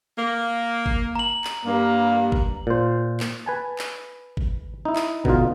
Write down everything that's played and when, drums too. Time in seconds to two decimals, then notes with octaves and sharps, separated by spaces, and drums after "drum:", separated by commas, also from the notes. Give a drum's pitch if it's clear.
0.17 A#3
0.86 drum: kick G#1
1.16 A#5 F#7
1.44 drum: clap
1.65 G2 A#3
2.32 drum: kick G#1
2.67 A#2 C5
3.20 drum: clap
3.46 B4 G#5 A5
3.79 drum: clap
4.37 drum: kick G#1
4.85 D#4 E4
4.96 drum: clap
5.25 B2 D3 D#4 F4, drum: kick G#1